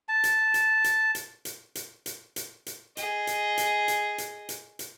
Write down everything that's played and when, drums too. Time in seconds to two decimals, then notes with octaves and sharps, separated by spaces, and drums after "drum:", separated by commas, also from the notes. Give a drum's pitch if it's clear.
0.09 A5
0.24 drum: hi-hat
0.54 drum: hi-hat
0.84 drum: hi-hat
1.15 drum: hi-hat
1.45 drum: hi-hat
1.75 drum: hi-hat
2.06 drum: hi-hat
2.36 drum: hi-hat
2.66 drum: hi-hat
2.97 G#4 D#5, drum: hi-hat
3.27 drum: hi-hat
3.58 drum: hi-hat
3.88 drum: hi-hat
4.18 drum: hi-hat
4.49 drum: hi-hat
4.79 drum: hi-hat